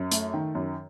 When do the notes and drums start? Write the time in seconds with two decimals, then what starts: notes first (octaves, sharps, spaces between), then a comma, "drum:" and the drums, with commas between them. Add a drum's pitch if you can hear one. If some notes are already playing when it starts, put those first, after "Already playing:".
Already playing: F#2
0.12 A3, drum: hi-hat
0.34 D#3
0.55 F#2